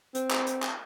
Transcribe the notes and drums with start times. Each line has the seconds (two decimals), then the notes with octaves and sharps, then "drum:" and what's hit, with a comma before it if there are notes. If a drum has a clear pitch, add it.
0.15 C4, drum: hi-hat
0.31 drum: clap
0.47 drum: hi-hat
0.63 drum: clap